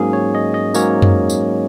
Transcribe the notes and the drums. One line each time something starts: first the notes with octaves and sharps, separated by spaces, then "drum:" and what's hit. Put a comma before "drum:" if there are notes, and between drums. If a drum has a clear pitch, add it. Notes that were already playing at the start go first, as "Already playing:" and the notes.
Already playing: G#2 F#3 A#3 C#4 G#4
C#5
D#5
D#5
G#2 F#3 A#3 C#4 C#5, drum: tambourine
drum: tom F#2
drum: tambourine